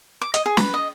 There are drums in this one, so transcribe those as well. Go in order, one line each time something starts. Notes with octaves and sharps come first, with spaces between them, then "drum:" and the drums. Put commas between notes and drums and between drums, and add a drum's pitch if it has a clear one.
D6
D#5, drum: hi-hat
G#4
B4, drum: snare
D#5